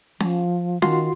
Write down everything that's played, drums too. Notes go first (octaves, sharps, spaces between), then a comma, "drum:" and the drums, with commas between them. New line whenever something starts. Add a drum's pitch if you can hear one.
F3, drum: snare C#4
D#3 F4 F#4 C6, drum: snare C#4